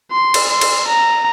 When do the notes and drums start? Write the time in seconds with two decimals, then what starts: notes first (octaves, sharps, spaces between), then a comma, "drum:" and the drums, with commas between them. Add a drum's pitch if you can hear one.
0.12 C6
0.34 drum: cymbal
0.50 C6
0.61 drum: cymbal
0.88 A#5